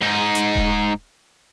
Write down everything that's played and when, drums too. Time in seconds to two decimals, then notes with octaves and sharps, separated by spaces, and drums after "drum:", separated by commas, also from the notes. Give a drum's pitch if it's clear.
0.02 G#2 D#4
0.35 drum: hi-hat
0.55 drum: kick D#1